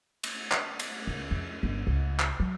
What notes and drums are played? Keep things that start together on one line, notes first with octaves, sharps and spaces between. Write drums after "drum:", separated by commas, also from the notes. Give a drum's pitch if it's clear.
drum: cymbal
drum: clap
drum: cymbal
C#2
F2
G1
C#2
drum: clap
F#3